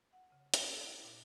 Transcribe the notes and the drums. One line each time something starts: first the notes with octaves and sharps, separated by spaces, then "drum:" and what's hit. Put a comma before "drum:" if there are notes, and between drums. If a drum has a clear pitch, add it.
F#5
C#3
E6, drum: hi-hat
A4
E4
A#2